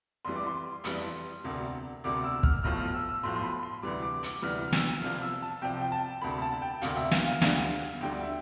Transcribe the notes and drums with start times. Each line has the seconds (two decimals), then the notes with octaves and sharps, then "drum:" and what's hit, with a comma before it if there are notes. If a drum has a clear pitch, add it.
0.25 F1 F2 E3 G3 C6
0.36 D6
0.47 C6
0.84 F1 F2 E3 G3, drum: hi-hat
1.44 E1 D2 C3
2.04 E1 D2 C3 D6
2.24 E6
2.34 E6
2.43 F6, drum: kick
2.63 B1 A2 F3 F6
2.78 F6
2.94 E6
3.09 E6
3.23 B1 A2 F3 C6
3.36 C6
3.43 B5
3.63 C6
3.82 D2 C3 E3 G3 D6
4.03 D6
4.23 D6, drum: hi-hat
4.42 D2 C3 E3 G3 F6
4.68 F6
4.72 E6, drum: snare
5.02 C2 C3 F3 F6
5.22 E6
5.42 A5
5.62 C2 C3 F3 G5
5.81 G5
5.92 A5
6.21 E1 D2 C3 B5
6.42 A5
6.52 A5
6.62 G5
6.82 E1 D2 C3 F5, drum: hi-hat
6.97 E5
7.11 F5, drum: snare
7.27 F5
7.41 D2 D3 G3, drum: snare
8.01 D2 D3 G3 G5
8.23 E5